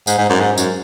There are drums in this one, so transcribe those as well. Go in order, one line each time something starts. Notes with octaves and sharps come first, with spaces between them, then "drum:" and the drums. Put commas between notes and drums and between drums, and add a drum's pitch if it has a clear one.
G#2, drum: tambourine
G#2
F#2
G#2
F#2, drum: tambourine